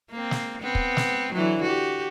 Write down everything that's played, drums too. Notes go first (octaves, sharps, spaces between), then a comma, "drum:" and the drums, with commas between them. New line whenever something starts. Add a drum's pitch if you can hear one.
A#3 C4
drum: snare
B3 C4
drum: kick
drum: snare
D3 E3 F#3
F#4 G4